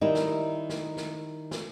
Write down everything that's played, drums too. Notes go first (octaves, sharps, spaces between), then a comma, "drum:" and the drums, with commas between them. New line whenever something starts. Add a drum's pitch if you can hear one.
D#3 G3 D#4 E4
drum: snare
drum: snare
drum: snare
drum: snare